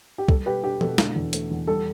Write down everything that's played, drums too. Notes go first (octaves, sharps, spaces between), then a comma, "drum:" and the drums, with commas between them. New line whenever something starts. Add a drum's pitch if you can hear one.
G4
G3 A4, drum: kick
B2 G4 B4
D4 G4
B2 A4, drum: tom E3
D3, drum: snare
E2
A3, drum: hi-hat
E2
G3 A4